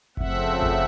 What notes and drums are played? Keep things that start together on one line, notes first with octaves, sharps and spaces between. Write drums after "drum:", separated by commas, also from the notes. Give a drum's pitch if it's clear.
C#3 F3 A3 C4 E5 F#5, drum: kick F#1
drum: kick F#1